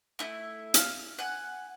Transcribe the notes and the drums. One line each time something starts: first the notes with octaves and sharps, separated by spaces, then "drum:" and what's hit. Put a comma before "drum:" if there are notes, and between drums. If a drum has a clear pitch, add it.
A3 E4
F5, drum: hi-hat
F#5 G#5